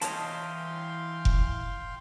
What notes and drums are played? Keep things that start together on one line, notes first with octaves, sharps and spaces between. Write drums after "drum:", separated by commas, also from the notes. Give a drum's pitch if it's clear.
E3 C#5 D#5 F5 G5 A5 C6, drum: hi-hat
drum: kick F1